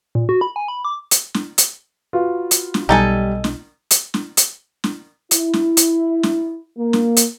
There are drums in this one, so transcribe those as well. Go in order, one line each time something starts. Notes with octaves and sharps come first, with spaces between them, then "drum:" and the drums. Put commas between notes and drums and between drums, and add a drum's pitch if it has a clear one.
A#2
F#4
B5
G#5
B5
D6
drum: hi-hat
drum: snare
drum: hi-hat
F4 F#4 B4
drum: hi-hat
drum: snare
B1 G3 D#4 A4 G#5
drum: snare
drum: hi-hat
drum: snare
drum: hi-hat
drum: snare
E4, drum: hi-hat
drum: snare
drum: hi-hat
drum: snare
A#3
drum: snare
drum: hi-hat